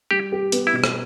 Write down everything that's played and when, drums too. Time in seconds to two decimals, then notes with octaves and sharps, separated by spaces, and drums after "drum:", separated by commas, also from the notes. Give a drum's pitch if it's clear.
0.11 G3 G4
0.32 G4
0.52 B3, drum: hi-hat
0.67 E4
0.74 B2
0.84 drum: rim click